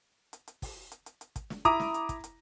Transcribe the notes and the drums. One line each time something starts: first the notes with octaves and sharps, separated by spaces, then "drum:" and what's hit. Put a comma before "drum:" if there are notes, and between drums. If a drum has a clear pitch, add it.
drum: hi-hat
drum: hi-hat
drum: kick, open hi-hat
drum: hi-hat
drum: hi-hat
drum: hi-hat
drum: kick, hi-hat
drum: snare
E4 A#5 D6 D#6, drum: kick, hi-hat
drum: snare
drum: hi-hat
drum: kick, hi-hat
drum: hi-hat